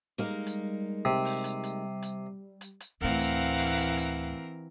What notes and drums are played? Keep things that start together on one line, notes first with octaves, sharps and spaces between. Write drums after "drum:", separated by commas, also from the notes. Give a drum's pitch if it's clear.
G3 G#3 A#3 D#4
drum: hi-hat
C3
drum: open hi-hat
drum: hi-hat
drum: hi-hat
drum: hi-hat
drum: hi-hat
drum: hi-hat
D2 A2 E3 C4 A#4 F5 F#5
drum: hi-hat
drum: open hi-hat
drum: hi-hat
drum: hi-hat